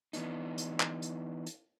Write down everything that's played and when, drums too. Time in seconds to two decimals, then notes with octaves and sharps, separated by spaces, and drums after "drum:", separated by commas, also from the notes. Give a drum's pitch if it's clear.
0.13 E3 B3 D4 D#4, drum: hi-hat
0.58 drum: hi-hat
0.80 drum: clap
1.02 drum: hi-hat
1.46 drum: hi-hat